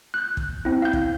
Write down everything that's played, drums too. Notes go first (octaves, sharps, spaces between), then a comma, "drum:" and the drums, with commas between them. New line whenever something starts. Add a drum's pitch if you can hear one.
F#6 G6
drum: kick
C4 E4
F5 G6
drum: kick